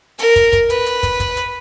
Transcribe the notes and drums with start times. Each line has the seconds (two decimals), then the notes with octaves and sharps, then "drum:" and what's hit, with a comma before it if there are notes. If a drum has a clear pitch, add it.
0.19 A#4, drum: hi-hat
0.36 drum: kick, hi-hat
0.53 drum: kick, hi-hat
0.70 B4, drum: hi-hat
0.86 drum: hi-hat
1.03 drum: kick, hi-hat
1.20 drum: kick, hi-hat
1.37 drum: hi-hat